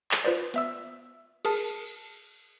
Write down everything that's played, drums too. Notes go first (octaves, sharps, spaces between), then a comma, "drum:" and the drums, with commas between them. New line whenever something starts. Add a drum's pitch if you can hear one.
drum: clap
F4 B4 C5 D5
B3 E5 E6, drum: hi-hat
G#4 A#4 A5, drum: cymbal
drum: tambourine